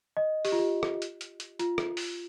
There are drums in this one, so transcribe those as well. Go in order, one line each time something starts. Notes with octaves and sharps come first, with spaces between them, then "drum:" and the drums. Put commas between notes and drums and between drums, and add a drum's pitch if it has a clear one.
D#5
G4, drum: open hi-hat
F4
G4
drum: rim click
drum: hi-hat
drum: hi-hat
drum: hi-hat
F4, drum: hi-hat
drum: rim click
drum: open hi-hat